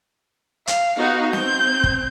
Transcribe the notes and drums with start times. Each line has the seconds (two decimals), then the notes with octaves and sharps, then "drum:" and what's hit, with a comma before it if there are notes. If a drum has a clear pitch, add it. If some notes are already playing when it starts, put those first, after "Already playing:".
0.67 F5, drum: hi-hat
0.99 B3 D#4 F#4 F5
1.33 C4 G6, drum: snare
1.84 drum: kick